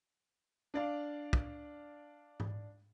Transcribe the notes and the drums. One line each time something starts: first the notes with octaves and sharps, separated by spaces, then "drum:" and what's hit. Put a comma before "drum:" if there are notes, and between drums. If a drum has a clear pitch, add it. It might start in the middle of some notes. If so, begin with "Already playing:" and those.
D4 D5 F5
drum: kick
drum: tom G#2